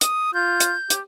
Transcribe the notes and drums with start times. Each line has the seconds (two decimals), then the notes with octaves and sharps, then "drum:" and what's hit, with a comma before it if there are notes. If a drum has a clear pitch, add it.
0.01 D#6, drum: hi-hat
0.34 F4 G6
0.60 drum: hi-hat
0.90 G4, drum: hi-hat